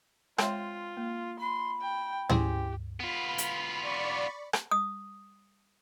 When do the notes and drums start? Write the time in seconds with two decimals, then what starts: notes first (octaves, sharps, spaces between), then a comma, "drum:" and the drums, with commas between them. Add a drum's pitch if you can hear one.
0.38 G#3 C4 F4 C#5 E5, drum: rim click
0.97 A#3
1.40 B5 C6
1.81 G5
2.29 C4 C#4 E4 G4 G#4, drum: tom
3.00 B3 F4 B5
3.38 drum: hi-hat
3.81 D5 B5 C#6
4.53 drum: rim click
4.71 D#6